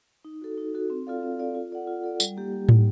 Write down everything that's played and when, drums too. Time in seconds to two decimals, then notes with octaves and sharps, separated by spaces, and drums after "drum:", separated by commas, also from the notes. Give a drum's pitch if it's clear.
0.25 D#4
0.41 F#4 A4
0.58 D#4
0.74 F#4 A4
0.90 C4
1.07 F4 A4 D5 F5
1.23 C4
1.39 F4 A4 D5 F5
1.55 F4
1.72 A4 D5 F#5
1.87 F4
2.04 A4 D5 F#5
2.20 G3, drum: tambourine
2.37 A#3 D#4 G4
2.53 G3
2.69 A#3 D#4 G4, drum: tom